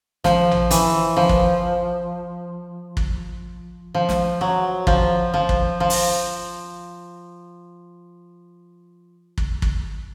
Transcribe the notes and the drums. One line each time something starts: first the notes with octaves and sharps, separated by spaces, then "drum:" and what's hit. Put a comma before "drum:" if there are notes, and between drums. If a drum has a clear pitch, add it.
F3, drum: snare
drum: tom A1
E3, drum: hi-hat
F3
drum: kick
drum: kick
F3
drum: snare
F#3
F3, drum: kick
F3
drum: kick
F3
drum: open hi-hat
drum: kick
drum: kick